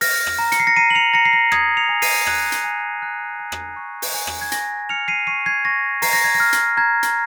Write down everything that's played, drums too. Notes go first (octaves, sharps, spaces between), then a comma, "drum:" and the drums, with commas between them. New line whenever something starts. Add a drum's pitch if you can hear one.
F6 A#6, drum: open hi-hat
drum: rim click
A#5
C#7, drum: hi-hat
C7
A#6 C#7
A#5 C7 D#7
F#7
C#7 F7
A#5 A#6 C#7
C7
A#6
D#6 G#6, drum: rim click
C#7 F7
G#5
C7 D#7, drum: open hi-hat
F#6 G#6, drum: rim click
drum: hi-hat
G#5
F#6
G#5
drum: rim click
C#6
drum: open hi-hat
G#5
drum: rim click
G#6
G#5 A#6, drum: hi-hat
F6 C#7 F7
C7 D#7
C#6 C7 D#7
G#6 C7
C#6 A#6
A#5 C7, drum: open hi-hat
A#6
G#6
A#6
F6
drum: hi-hat
A#5 G#6
drum: hi-hat